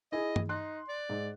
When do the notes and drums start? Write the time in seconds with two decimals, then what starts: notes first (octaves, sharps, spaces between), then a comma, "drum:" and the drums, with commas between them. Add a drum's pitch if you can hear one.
0.12 E4 G#4 D#5
0.36 drum: tom G2
0.49 D#4 C6 F#6
0.89 D5
1.09 G#2